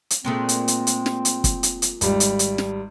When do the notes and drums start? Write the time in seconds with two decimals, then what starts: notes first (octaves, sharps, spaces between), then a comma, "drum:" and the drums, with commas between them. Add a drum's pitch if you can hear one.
0.10 drum: hi-hat
0.25 A#2 G#3 A3 C4
0.49 drum: hi-hat
0.68 drum: hi-hat
0.87 drum: hi-hat
1.06 drum: snare
1.25 drum: hi-hat
1.44 drum: kick, hi-hat
1.63 drum: hi-hat
1.82 drum: hi-hat
2.01 G#1 G3, drum: hi-hat
2.20 drum: hi-hat
2.39 drum: hi-hat
2.58 drum: snare